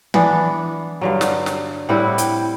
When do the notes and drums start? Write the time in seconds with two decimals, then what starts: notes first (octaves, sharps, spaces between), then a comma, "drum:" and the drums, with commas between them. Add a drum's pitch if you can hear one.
0.14 E3 B3 D4 F#5, drum: tom
1.01 G2 D3 F#3
1.21 drum: snare
1.46 drum: snare
1.89 A2 G3 C4 E4 F#5
2.18 G5, drum: hi-hat